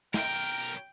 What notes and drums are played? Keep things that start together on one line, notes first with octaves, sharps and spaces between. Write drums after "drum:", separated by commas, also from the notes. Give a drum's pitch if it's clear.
B1 A#4 G5, drum: snare